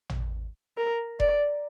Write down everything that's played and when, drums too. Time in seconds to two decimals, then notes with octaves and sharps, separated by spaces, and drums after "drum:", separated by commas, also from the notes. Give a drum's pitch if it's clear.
0.09 drum: tom
0.77 A#4
1.20 D5, drum: kick F1